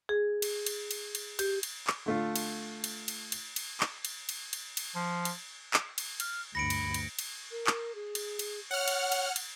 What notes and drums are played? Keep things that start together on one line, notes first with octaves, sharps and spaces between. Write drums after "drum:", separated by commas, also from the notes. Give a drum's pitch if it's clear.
G#4
drum: cymbal
drum: cymbal
drum: cymbal
drum: cymbal
G4, drum: cymbal
drum: cymbal
drum: clap
D3 A3 F4
drum: cymbal
drum: cymbal
drum: cymbal
drum: cymbal
drum: cymbal
drum: clap
drum: cymbal
drum: cymbal
drum: cymbal
drum: cymbal
F3
drum: cymbal
drum: clap
drum: cymbal
F6, drum: cymbal
D2 G2 B5 A#6 C#7 D7
drum: cymbal
drum: cymbal
drum: cymbal
A#4
drum: clap
G#4
drum: cymbal
drum: cymbal
C#5 F#5 F6
drum: cymbal
drum: cymbal
drum: cymbal